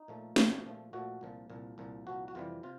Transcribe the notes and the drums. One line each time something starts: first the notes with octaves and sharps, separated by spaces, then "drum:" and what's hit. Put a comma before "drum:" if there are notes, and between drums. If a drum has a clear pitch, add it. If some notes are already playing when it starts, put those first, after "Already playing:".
Already playing: D#4
A#2 F3 A3
A#2 F3 A3, drum: snare
A#2 F3 A3
A#2 F3 A3 F#4
C2 A#2 F3
C2 A#2 F3
C2 A#2 F3
C2 A#2 F3 F#4
F#4
F2 C3 E3 G3 F4
C3 F4